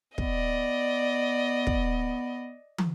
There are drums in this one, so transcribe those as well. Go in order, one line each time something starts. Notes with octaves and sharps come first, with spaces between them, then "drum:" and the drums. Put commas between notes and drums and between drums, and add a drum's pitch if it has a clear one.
B3 D5 D#5, drum: kick
drum: kick
drum: tom